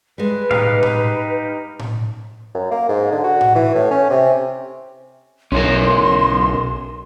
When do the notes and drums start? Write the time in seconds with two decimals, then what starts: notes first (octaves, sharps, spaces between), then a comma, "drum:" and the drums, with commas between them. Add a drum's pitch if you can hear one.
0.18 G3 G#3 B4
0.51 D#4 G4 F5, drum: tom A2
0.83 drum: tom A2
1.79 drum: tom A2
2.54 F#2
2.71 A#3
2.89 G#2
3.12 D3
3.24 F#4
3.41 drum: tom A2
3.55 E3
3.75 A2
3.91 C#4
4.10 C3
5.52 B1 C#4 E4 A#4 C6